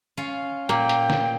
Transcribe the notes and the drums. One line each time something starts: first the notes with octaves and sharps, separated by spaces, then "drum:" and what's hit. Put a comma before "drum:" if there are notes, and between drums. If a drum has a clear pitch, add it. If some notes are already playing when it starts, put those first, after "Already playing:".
C#4 F4 F5
A#2 A#3 G5, drum: hi-hat
drum: hi-hat
drum: snare